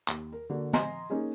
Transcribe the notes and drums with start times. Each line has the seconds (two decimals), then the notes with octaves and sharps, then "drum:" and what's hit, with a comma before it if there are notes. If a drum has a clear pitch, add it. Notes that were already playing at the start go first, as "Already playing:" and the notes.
0.08 D#2, drum: clap
0.32 A#4
0.50 D3 A#3 F#4
0.73 D#5 G#5 A#5 C6, drum: snare
1.10 A#3 C#4 D#4 G#4